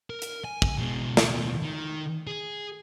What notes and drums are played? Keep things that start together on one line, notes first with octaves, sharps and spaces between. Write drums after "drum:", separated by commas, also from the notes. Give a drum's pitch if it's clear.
A#4
drum: hi-hat
G#5
drum: kick
B2 G#3
D#2 B2, drum: snare
D#3
G#4